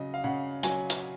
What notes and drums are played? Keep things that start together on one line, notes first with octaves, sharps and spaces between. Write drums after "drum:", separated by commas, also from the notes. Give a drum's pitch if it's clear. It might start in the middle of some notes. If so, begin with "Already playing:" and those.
Already playing: C#3 F#3 D#5
F5
C#3 F#5
F#3 G#5, drum: hi-hat
drum: hi-hat